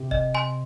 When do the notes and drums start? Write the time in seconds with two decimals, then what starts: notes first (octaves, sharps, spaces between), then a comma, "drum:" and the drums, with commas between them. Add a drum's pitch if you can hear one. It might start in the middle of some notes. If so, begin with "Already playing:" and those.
Already playing: C3
0.11 D#5, drum: kick
0.35 G#5 C6